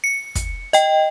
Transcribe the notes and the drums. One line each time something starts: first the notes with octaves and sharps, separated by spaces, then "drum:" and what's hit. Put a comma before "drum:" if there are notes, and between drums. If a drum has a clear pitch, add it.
C#7
drum: kick, hi-hat
D#5 G5, drum: hi-hat